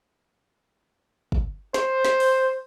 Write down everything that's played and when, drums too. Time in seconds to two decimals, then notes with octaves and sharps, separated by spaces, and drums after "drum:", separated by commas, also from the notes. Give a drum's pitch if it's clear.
1.32 drum: kick
1.74 C5, drum: snare
2.05 drum: snare
2.20 drum: open hi-hat